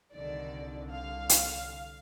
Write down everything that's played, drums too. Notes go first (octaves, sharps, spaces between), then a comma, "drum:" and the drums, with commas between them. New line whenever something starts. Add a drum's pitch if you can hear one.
C2 D3 D#3 D5
F5
drum: hi-hat